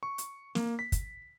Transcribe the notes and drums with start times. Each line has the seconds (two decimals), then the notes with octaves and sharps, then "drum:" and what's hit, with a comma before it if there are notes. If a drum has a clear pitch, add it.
0.03 C#6
0.18 drum: hi-hat
0.55 A#3, drum: snare
0.79 B6
0.92 drum: kick, hi-hat